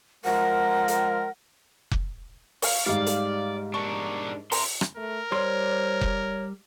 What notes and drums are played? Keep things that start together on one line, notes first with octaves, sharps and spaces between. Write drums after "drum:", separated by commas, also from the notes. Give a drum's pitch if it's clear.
F3 G#3 A#4 F#5
drum: hi-hat
drum: kick F1
C#5 F5, drum: open hi-hat
G#2 G3 D5 F5
drum: hi-hat
D4 A#4 C#6
E5 A#5 C6, drum: open hi-hat
drum: rim click
A3 A#4
G3 C5 C#5 C6
drum: kick F1